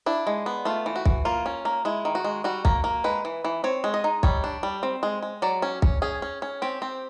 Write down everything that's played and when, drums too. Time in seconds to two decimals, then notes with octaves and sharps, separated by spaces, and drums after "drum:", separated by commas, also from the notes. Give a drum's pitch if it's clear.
0.06 D4 E4
0.27 G#3
0.46 B3
0.65 A3 F4
0.86 E3
0.96 F#4
1.05 E3, drum: kick
1.25 A#3 F4
1.46 C#4
1.65 A#3
1.85 G#3 E4
2.05 D#3
2.15 F#4
2.25 G#3
2.44 G3 F#4
2.65 A#3, drum: kick
2.84 A#3
3.04 G#3 B4
3.25 E3
3.45 E3
3.64 C4 C#5
3.84 G#3
3.94 D#5
4.04 D#4
4.23 G3 C#5, drum: kick
4.44 D4
4.63 G3
4.83 C4
5.03 G#3
5.23 G#3
5.42 F#3 D5
5.62 C#4
5.82 C#4, drum: kick
6.02 C#4 G#4
6.22 C#4
6.42 C#4
6.62 C4 G4
6.82 C4